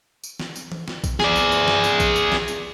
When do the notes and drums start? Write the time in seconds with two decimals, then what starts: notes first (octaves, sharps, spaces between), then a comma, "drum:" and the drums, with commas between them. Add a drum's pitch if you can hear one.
0.24 drum: tambourine
0.40 drum: snare
0.56 drum: tambourine
0.72 drum: tom E3
0.88 drum: snare
1.04 drum: kick, tambourine
1.20 G#4 D5, drum: snare
1.36 drum: tambourine
1.52 drum: tambourine
1.68 drum: snare
1.84 drum: tambourine
2.00 drum: kick, tambourine
2.16 drum: tambourine
2.32 drum: snare
2.48 drum: tambourine